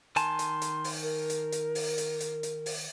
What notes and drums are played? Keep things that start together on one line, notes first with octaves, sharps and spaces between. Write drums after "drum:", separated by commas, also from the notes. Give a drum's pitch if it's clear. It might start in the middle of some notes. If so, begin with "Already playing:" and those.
D#3 G#5 A5 C6, drum: hi-hat
drum: hi-hat
drum: hi-hat
drum: open hi-hat
A#4
drum: hi-hat
drum: hi-hat
drum: open hi-hat
drum: hi-hat
drum: hi-hat
drum: hi-hat
drum: open hi-hat